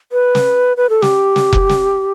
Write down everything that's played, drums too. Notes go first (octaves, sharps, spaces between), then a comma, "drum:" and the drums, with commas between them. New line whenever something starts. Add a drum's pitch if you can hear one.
B4
drum: snare
B4
A4
G4, drum: snare
drum: snare
drum: kick F1
drum: snare